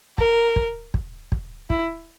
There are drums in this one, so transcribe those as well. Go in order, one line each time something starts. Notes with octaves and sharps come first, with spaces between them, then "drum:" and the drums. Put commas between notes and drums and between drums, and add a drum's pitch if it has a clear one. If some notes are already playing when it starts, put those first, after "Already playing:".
A#4, drum: kick
drum: kick
drum: kick
drum: kick
E4, drum: kick